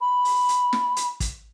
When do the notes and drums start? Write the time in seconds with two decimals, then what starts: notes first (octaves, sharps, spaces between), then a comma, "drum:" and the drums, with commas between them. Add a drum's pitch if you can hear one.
0.01 B5
0.25 drum: open hi-hat
0.49 drum: hi-hat
0.73 drum: snare
0.96 drum: hi-hat
1.20 drum: kick, hi-hat